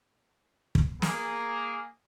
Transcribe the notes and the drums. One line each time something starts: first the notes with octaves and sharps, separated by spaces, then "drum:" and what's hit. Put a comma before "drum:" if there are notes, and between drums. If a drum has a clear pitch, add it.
drum: kick
A#3 G#4, drum: snare